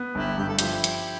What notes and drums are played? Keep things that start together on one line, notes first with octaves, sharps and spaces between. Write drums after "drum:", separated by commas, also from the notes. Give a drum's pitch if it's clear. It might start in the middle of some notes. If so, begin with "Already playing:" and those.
Already playing: B3
G1 E4 G4
G2 G4
A4
F3 E4 G4, drum: hi-hat
drum: hi-hat